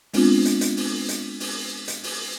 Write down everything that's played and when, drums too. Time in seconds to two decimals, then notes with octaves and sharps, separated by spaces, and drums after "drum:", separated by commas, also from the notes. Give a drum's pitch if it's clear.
0.14 G#3 B3 C4 D4 F4, drum: open hi-hat
0.45 drum: hi-hat
0.61 drum: hi-hat
0.77 drum: open hi-hat
1.09 drum: hi-hat
1.40 drum: open hi-hat
1.88 drum: hi-hat
2.04 drum: open hi-hat